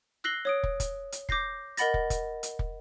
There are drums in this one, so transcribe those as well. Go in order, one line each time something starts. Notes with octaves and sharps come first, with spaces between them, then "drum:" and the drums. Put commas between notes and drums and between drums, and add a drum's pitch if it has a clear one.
E6 F#6 A#6 C7 F#7 G7
C#5 D#6 D7
drum: kick
drum: kick, hi-hat
drum: hi-hat
D6 G6 A#6 C7, drum: kick
A#4 D#5 F#5 B5 A6 A#6, drum: hi-hat
drum: kick
drum: kick, hi-hat
drum: hi-hat
drum: kick